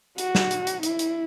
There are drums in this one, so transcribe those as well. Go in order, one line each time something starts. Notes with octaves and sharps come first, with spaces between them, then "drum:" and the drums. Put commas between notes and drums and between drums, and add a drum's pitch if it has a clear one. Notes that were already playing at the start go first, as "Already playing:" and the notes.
F#4, drum: hi-hat
drum: snare
drum: hi-hat
drum: hi-hat
E4, drum: hi-hat
drum: hi-hat